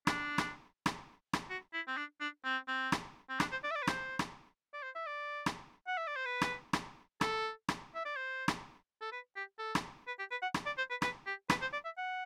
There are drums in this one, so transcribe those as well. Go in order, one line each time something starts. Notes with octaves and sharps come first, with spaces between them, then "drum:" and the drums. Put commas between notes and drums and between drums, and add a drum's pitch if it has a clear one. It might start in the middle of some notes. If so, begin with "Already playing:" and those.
D4, drum: rim click
drum: rim click
drum: rim click
drum: rim click
F#4
E4
C4
D4
D4
C4
C4
drum: rim click
C4
D4, drum: rim click
C5
D5
E5
D5
B4
C5, drum: rim click
drum: rim click
D5
C5
E5
D5
drum: rim click
F#5
E5
D5
C5
B4
drum: rim click
drum: rim click
A4, drum: rim click
drum: rim click
E5
D5
C5
drum: rim click
A4
B4
G4
A4
drum: rim click
B4
G4
B4
F#5
drum: rim click
D5
C5
B4
B4, drum: rim click
G4
B4, drum: rim click
C5
D5
E5
F#5